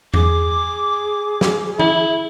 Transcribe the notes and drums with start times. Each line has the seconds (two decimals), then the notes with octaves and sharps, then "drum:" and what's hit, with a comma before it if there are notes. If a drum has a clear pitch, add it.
0.14 G#4 D6, drum: tom E2
1.41 drum: snare
1.79 E4, drum: tom E3